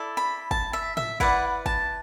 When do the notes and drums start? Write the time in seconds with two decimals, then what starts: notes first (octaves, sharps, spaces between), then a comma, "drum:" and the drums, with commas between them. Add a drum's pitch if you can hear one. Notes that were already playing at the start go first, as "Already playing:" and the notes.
Already playing: E4 A4 D5
0.17 B5
0.51 A5, drum: kick
0.73 E5
0.97 E5, drum: tom A2
1.20 E4 B4 D5 F#5, drum: kick
1.66 A5, drum: kick